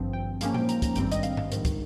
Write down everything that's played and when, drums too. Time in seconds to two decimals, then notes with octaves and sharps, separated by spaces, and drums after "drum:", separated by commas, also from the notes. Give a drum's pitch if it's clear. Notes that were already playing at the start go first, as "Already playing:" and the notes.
Already playing: G#1 G2 F3 C4
0.13 G5
0.41 G#2 F3 A#3 C#4 F5, drum: hi-hat
0.54 G5, drum: tom A#2
0.69 A#5, drum: hi-hat
0.82 A#5, drum: kick, hi-hat
0.96 G#1 G2 G3 C4 G5, drum: hi-hat
1.12 D#5, drum: hi-hat
1.23 F5, drum: hi-hat
1.37 drum: tom G2
1.52 A#1 G#2 D#3, drum: hi-hat
1.65 drum: kick, hi-hat